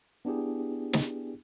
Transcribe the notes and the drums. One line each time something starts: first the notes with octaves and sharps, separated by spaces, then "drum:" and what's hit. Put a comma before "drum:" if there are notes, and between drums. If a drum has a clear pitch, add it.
B3 D4 E4 G4 G#4
drum: snare